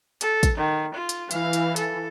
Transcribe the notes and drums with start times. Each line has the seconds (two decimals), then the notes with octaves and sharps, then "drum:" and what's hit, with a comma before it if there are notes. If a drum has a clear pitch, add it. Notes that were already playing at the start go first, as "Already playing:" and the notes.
0.21 A4, drum: hi-hat
0.43 drum: kick, hi-hat
0.57 D#3
0.94 F4
1.09 drum: hi-hat
1.31 E3 F5, drum: hi-hat
1.53 drum: hi-hat
1.76 A4, drum: hi-hat